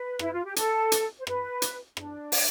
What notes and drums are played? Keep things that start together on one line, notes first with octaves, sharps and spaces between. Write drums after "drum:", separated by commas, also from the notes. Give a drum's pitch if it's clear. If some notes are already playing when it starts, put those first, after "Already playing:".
Already playing: B4
E4, drum: rim click
F4
G4
A4, drum: hi-hat
drum: hi-hat
C5
B4, drum: rim click
drum: hi-hat
D4, drum: rim click
drum: open hi-hat